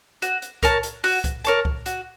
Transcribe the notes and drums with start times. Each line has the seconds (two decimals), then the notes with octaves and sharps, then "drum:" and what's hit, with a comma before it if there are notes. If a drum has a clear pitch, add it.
0.22 F#4, drum: hi-hat
0.42 drum: hi-hat
0.63 A#4 C#5 A5, drum: kick C2, hi-hat
0.83 drum: hi-hat
1.04 F#4, drum: open hi-hat
1.24 drum: kick C2, hi-hat
1.45 A#4 C#5 A5, drum: hi-hat
1.65 drum: kick C2
1.86 F#4, drum: hi-hat